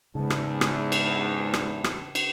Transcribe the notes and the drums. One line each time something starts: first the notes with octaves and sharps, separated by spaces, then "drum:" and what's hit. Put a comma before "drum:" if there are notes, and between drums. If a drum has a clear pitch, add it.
E2 G#2 C#3 G#3 A5
drum: rim click
drum: rim click
drum: cymbal
drum: rim click
drum: rim click
drum: cymbal